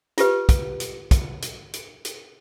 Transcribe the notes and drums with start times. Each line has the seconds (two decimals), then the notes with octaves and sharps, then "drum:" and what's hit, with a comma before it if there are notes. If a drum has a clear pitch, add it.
0.18 F4 G4 B4, drum: hi-hat
0.49 drum: kick, hi-hat
0.80 drum: hi-hat
1.11 drum: kick, hi-hat
1.42 drum: hi-hat
1.73 drum: hi-hat
2.05 drum: hi-hat